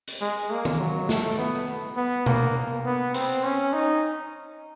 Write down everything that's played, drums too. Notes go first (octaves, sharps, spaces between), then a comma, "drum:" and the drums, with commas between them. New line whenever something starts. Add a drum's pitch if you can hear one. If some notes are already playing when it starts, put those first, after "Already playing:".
drum: hi-hat
G#3
A#3
drum: tom D#3
F#3
A3, drum: snare
B3
B3
A#3, drum: tom B2
B3
C4, drum: hi-hat
C#4
D#4